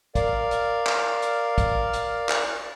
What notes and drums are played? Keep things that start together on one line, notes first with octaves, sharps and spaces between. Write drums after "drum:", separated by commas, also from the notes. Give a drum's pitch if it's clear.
A#4 D5 F5, drum: kick, hi-hat
drum: hi-hat
drum: clap
drum: hi-hat
drum: kick, hi-hat
drum: hi-hat
drum: clap